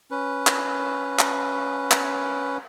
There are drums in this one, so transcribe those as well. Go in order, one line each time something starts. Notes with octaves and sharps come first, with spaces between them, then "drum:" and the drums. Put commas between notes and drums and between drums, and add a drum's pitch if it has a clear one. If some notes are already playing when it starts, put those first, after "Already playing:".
C#4 B4
drum: clap
drum: clap
drum: clap